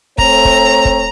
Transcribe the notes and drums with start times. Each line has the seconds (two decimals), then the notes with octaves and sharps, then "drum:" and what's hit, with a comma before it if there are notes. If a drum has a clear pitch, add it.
0.18 A3 C4 C#5 A#5, drum: kick
0.45 drum: kick
0.85 drum: kick